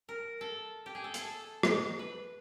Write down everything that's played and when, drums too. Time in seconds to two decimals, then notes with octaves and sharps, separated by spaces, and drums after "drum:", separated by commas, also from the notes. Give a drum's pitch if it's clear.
0.09 A#4
0.41 A4
0.86 G4
0.95 G#4
1.04 A4
1.14 G#4, drum: hi-hat
1.25 A4
1.63 drum: rim click
1.99 B4